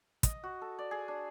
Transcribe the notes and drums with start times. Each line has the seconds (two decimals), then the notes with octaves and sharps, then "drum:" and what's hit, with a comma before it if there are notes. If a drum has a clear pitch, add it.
0.23 D#5, drum: kick, hi-hat
0.43 F#4
0.62 A4
0.79 D5
0.91 G#4
1.08 D4